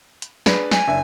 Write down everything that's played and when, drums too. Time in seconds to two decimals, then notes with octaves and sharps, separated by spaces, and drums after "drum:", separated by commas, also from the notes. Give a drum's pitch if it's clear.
0.22 drum: hi-hat
0.46 D4 G#4 B4, drum: snare
0.71 G#5, drum: snare
0.88 F#1 D4 E5